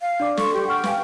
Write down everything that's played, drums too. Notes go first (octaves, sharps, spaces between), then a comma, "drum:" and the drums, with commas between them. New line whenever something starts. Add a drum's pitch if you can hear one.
F5
D4 D5 D6
A4 C6 C#6, drum: snare
G4
F#5 G5 C#6 F6
B4 F5 G#5, drum: snare